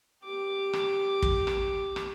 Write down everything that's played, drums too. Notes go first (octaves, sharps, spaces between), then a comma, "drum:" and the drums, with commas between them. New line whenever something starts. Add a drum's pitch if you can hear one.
G4 D6
drum: rim click
drum: kick
drum: rim click
drum: rim click